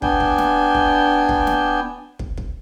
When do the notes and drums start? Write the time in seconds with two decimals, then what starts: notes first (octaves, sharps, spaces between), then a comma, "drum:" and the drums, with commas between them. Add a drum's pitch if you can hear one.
0.02 B3 D4 G5 G#5, drum: kick
0.20 drum: kick
0.38 drum: snare
0.74 drum: kick
1.29 drum: kick
1.47 drum: snare
2.19 drum: kick
2.37 drum: kick